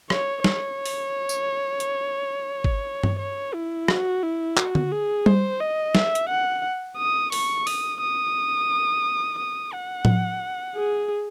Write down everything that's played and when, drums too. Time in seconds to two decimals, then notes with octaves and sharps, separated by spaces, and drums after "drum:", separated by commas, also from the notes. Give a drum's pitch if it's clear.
0.10 C#5, drum: rim click
0.44 C#5, drum: snare
0.86 drum: open hi-hat
1.29 drum: tambourine
1.80 drum: hi-hat
2.64 drum: kick G#1
3.04 drum: tom G2
3.19 C#5
3.54 E4
3.88 F#4, drum: rim click
4.23 E4
4.57 F#4, drum: clap
4.75 drum: tom D3
4.92 G#4
5.26 C5, drum: tom G3
5.60 D#5
5.95 E5, drum: snare
6.15 drum: hi-hat
6.29 F#5
6.98 D#6
7.32 C#6, drum: open hi-hat
7.67 D#6, drum: open hi-hat
8.01 D#6
9.38 D#6
9.73 F#5
10.05 drum: tom A2
10.76 G#4